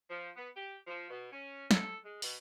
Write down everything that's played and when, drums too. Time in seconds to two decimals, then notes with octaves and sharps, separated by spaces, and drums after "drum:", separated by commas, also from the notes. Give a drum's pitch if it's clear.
0.09 F3
0.36 B3
0.55 G4
0.87 F3
1.10 B2
1.32 C#4
1.71 A4, drum: snare
2.04 G#3
2.22 B2, drum: open hi-hat